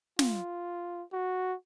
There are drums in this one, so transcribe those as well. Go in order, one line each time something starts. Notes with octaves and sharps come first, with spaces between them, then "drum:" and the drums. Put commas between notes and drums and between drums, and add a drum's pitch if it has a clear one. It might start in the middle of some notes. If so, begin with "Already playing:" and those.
F4, drum: snare
F#4